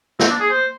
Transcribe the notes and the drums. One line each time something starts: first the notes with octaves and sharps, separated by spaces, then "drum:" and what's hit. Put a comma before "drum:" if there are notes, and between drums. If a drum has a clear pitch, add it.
C4, drum: snare
D4
G#4
C5